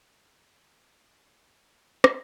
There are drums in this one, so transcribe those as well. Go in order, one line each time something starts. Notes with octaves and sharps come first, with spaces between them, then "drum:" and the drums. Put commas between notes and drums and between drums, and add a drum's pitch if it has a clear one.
E4 G#4 B4 A5 D#6
F2
E3 G#3
drum: rim click